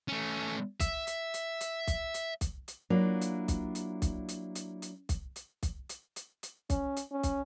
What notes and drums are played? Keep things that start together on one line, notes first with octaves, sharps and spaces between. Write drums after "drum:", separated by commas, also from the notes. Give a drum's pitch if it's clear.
A3 C#4
E5, drum: kick, hi-hat
drum: hi-hat
drum: hi-hat
drum: hi-hat
drum: kick, hi-hat
drum: hi-hat
drum: kick, hi-hat
drum: hi-hat
F#3 A#3 D4 E4 F4
drum: hi-hat
drum: kick, hi-hat
drum: hi-hat
drum: kick, hi-hat
drum: hi-hat
drum: hi-hat
drum: hi-hat
drum: kick, hi-hat
drum: hi-hat
drum: kick, hi-hat
drum: hi-hat
drum: hi-hat
drum: hi-hat
C#4, drum: kick, hi-hat
drum: hi-hat
C#4
drum: kick, hi-hat